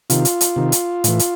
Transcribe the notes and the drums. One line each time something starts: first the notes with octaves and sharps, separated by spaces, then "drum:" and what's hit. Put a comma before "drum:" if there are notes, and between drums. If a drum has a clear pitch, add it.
C3 D#3 F4, drum: hi-hat
drum: hi-hat
drum: hi-hat
C3 D#3
drum: hi-hat
A2 E3, drum: hi-hat
drum: hi-hat